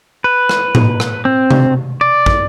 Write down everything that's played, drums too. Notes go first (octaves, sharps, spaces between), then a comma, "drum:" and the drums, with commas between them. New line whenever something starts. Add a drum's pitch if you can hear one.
B4
drum: rim click
drum: tom A2
drum: rim click
C4
drum: tom C3
D5
drum: kick